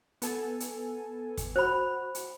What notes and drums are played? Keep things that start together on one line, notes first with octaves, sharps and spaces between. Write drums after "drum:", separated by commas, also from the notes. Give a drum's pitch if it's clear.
B3 A4 G#5, drum: hi-hat
drum: hi-hat
drum: kick, hi-hat
F#4 C5 B5
drum: hi-hat